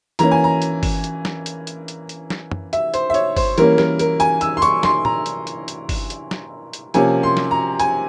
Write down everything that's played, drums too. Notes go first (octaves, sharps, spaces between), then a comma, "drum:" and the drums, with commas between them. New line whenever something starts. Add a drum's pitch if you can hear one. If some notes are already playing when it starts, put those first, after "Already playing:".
E3 A#3 C#4 A#5, drum: hi-hat
G#5
A#5
drum: hi-hat
drum: kick G1, open hi-hat
drum: hi-hat
drum: snare
drum: hi-hat
drum: hi-hat
drum: hi-hat
drum: hi-hat
drum: snare
drum: tom
E5, drum: hi-hat
C5, drum: hi-hat
E5
C#5, drum: hi-hat
C5, drum: kick G1, open hi-hat
E3 G3 A#3 C#4 A#4, drum: hi-hat
A#4, drum: snare
A#4, drum: hi-hat
G#5, drum: hi-hat
E6, drum: hi-hat
C6
C#6, drum: hi-hat
C6, drum: snare
A#5, drum: tom
drum: hi-hat
drum: hi-hat
drum: hi-hat
drum: kick G1, open hi-hat
drum: hi-hat
drum: snare
drum: hi-hat
C3 F3 A#3 C#4 G#5, drum: hi-hat
C6
drum: snare
A#5
G#5, drum: hi-hat